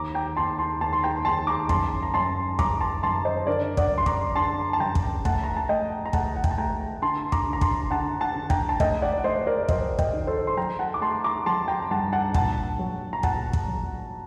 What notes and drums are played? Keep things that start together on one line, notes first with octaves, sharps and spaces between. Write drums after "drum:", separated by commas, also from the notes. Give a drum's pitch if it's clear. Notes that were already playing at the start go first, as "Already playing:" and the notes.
Already playing: D#2 A#5 D6
G5 A#5
D#2 A5 C6
A5 C6
D#2 A5 C6
C6
G5 A#5
D#2 A5 C6
A#5 D6
F#2 A5 C6, drum: kick
A#5
F#2 A5 C6
F#2 A#5 D6, drum: kick
A5 C6
F#2 A5 C6
C5 D#5
D3 A#4 D5
D5 F#5, drum: kick
F#2
C6
A#5 D6, drum: kick
D3 A5 C6
A5
F#2 G5 A#5
drum: kick
A3 F#5 A5, drum: kick
A#5
A5
A3 D#5 G5
A#5
A3 F#5 A5, drum: kick
F#5
G5, drum: kick
A5
A3 G5 A#5
D3 A5 C6
A#5 D6, drum: kick
D3
A#5
A5 C6, drum: kick
D3 F#5 A5
F#5 A5
D3
G5 A#5, drum: kick
A5
A3 D#5 G5, drum: kick
D5 F#5
F#5
A3 C5 D#5
A#4 D5
F#3 C5 D#5, drum: kick
D#5 G5, drum: kick
D#3
A4 C5
C6
F#3 G5 A#5
F#5 A5
D6
A3 A5 C6
A#5 D6
F#3 A5 C6
G5 A#5
A#5
G2 F#5 A5
F#5 A5
A#2 F#5 A5, drum: kick
F#3
A#5
A#2 F#5 A5, drum: kick
drum: kick
F#3